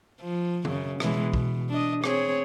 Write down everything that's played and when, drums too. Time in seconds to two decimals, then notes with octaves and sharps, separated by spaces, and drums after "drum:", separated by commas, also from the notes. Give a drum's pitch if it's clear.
0.21 F3
0.65 F#2 C#3, drum: tom D#3
1.00 B2 E3 G#3, drum: rim click
1.34 B2, drum: kick
1.69 D4 D#5
2.04 C4 G#4 C#5, drum: rim click